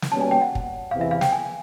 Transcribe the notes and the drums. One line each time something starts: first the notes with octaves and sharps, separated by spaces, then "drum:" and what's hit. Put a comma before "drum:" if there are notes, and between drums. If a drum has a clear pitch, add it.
drum: snare
B2 G3 A#3 C#4 A5
G#5
G5
F#5
drum: kick
E2 C3 E3 F5
E5
F5
G5, drum: snare
G#5